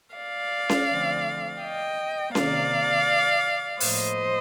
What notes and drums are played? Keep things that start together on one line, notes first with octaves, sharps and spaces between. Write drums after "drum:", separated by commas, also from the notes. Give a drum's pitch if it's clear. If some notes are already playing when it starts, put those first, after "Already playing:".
D5 F5
drum: snare C#4
D3 F3 A3 C4
D#5 G5
C3 D#3 A#3 D5 F5, drum: snare C#4
A2 F3 A#3 C5 D#5, drum: open hi-hat